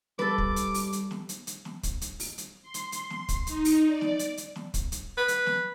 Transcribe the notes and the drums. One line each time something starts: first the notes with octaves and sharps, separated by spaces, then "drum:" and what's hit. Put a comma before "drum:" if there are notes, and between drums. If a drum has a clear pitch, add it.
G3 A4 B4 D6, drum: snare
drum: kick
drum: hi-hat
drum: open hi-hat
drum: hi-hat
drum: snare
drum: hi-hat
drum: hi-hat
drum: snare
drum: kick, hi-hat
drum: hi-hat
drum: open hi-hat
drum: hi-hat
C6
drum: hi-hat
drum: hi-hat
drum: snare
drum: kick, hi-hat
D#4, drum: hi-hat
drum: open hi-hat
D5
drum: snare
drum: hi-hat
drum: hi-hat
drum: snare
drum: kick, hi-hat
drum: hi-hat
B4
drum: hi-hat
drum: snare